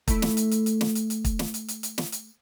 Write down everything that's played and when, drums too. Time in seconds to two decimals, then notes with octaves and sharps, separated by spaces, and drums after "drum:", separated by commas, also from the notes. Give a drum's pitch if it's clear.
0.08 A3 E4, drum: kick, hi-hat
0.22 drum: snare
0.37 drum: hi-hat
0.51 drum: hi-hat
0.66 drum: hi-hat
0.81 drum: snare
0.95 drum: hi-hat
1.10 drum: hi-hat
1.25 drum: kick, hi-hat
1.39 drum: snare
1.54 drum: hi-hat
1.68 drum: hi-hat
1.83 drum: hi-hat
1.98 drum: snare
2.12 drum: hi-hat